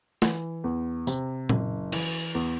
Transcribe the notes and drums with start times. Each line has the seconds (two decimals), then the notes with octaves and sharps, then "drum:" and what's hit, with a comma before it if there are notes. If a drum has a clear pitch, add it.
0.22 E3, drum: snare
0.64 E2
1.07 C3, drum: tambourine
1.49 F#1, drum: tom A#2
1.92 E3, drum: cymbal
2.35 E2